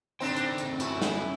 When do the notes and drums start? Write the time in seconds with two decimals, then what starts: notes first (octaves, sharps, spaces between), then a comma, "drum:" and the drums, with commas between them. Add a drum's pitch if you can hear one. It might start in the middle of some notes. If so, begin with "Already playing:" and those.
0.20 D3 C4 D4 D#4 C5 G5
0.36 drum: hi-hat
0.58 drum: hi-hat
0.80 A3 C#4 E4 F#4, drum: hi-hat
1.02 drum: snare